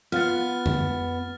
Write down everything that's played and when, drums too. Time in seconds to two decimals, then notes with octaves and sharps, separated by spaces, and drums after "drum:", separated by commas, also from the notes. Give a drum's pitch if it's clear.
0.12 B3 F4 F5 F#5 F6 A6
0.66 drum: tom F2